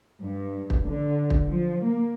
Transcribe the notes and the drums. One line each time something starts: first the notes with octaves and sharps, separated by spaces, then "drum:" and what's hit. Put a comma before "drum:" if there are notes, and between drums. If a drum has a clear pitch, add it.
G2
drum: kick
D3
drum: kick
F3
A#3